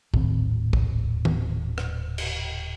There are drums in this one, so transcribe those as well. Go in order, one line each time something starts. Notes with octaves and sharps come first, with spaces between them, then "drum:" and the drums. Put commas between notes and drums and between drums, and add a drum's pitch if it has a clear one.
D#1 A2 D#3 C4, drum: kick
drum: kick
drum: tom
drum: rim click
drum: cymbal